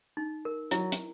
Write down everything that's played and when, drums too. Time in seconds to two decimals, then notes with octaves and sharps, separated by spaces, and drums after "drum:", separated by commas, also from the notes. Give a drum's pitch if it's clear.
0.17 D#4
0.45 A#4
0.71 F#3 E4, drum: hi-hat
0.92 drum: hi-hat